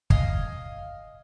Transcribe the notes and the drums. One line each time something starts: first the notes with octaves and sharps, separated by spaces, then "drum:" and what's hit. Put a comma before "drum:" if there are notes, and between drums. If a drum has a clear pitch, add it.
D#5 F5 G#5, drum: kick